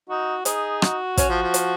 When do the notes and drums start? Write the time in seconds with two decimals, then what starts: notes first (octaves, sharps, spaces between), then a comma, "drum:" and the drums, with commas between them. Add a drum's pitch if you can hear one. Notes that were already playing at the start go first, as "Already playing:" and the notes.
0.09 D#4 F#4
0.45 D#4 G#4, drum: hi-hat
0.82 F#4, drum: rim click
1.17 C#4, drum: kick, hi-hat
1.29 F3
1.42 F3
1.54 drum: hi-hat